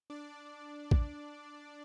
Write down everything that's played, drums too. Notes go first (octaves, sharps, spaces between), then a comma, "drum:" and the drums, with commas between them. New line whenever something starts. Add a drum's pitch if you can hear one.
D4 D5
drum: kick A#1